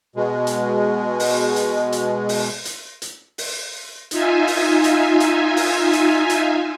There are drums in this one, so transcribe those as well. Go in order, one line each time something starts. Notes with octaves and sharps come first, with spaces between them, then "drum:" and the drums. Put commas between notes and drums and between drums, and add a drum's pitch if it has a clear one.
B2 G#3
drum: hi-hat
drum: open hi-hat
drum: hi-hat
drum: hi-hat
drum: open hi-hat
drum: hi-hat
drum: hi-hat
drum: open hi-hat
D#4 F4 E5 G#5, drum: hi-hat
drum: open hi-hat
drum: hi-hat
drum: hi-hat
drum: open hi-hat
drum: hi-hat
drum: hi-hat